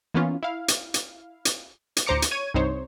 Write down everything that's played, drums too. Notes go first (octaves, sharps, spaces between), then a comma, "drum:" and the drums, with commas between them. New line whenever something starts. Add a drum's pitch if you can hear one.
E3 A#3 B3 C#4 F4
E4 F5
drum: hi-hat
drum: hi-hat
drum: hi-hat
drum: hi-hat
D2 A2 C5 A#5 D6 C#7
drum: hi-hat
C#5 G#6 D#7
C2 G2 C3 D#4 C5 C#5